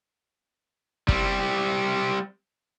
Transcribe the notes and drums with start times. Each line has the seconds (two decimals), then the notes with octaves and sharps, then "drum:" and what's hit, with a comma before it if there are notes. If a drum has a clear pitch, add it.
1.08 G3 C4, drum: kick